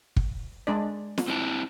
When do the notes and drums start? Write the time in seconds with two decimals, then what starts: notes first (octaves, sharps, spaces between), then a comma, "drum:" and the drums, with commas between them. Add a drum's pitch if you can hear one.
0.16 drum: kick
0.67 G#3 D4 D5
1.18 drum: snare
1.28 C4 E4 A5